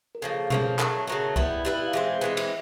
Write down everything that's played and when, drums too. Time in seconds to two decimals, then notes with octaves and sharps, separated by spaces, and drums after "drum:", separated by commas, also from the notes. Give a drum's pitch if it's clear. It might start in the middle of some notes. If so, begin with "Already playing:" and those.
0.15 A#4
0.22 C#3 F3 A#3 A4
0.50 C#3 F3 A#3, drum: tom B2
0.79 C#3 F#3 A3 A#4, drum: clap
1.07 C#3 F#3 A3
1.36 G3 B3 E4 E5, drum: kick C2
1.65 G3 B3 E4
1.88 F5
1.93 E3 G#3 C4 E5
2.21 E3 G#3 C4 D#5
2.37 E5, drum: cymbal